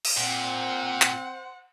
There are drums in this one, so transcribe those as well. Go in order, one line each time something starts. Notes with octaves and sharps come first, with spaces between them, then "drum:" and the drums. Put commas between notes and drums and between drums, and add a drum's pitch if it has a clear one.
drum: cymbal
A#2 C4 C5 F#5
drum: clap